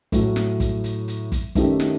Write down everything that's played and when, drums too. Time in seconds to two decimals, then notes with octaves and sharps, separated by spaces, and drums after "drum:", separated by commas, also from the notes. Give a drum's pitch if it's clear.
0.12 A2 F#3 A3, drum: kick, hi-hat
0.36 drum: snare
0.60 drum: kick, hi-hat
0.84 drum: hi-hat
1.08 drum: hi-hat
1.32 drum: kick, hi-hat
1.55 F#2 D#3 A3 E4 G4, drum: kick, hi-hat
1.80 drum: snare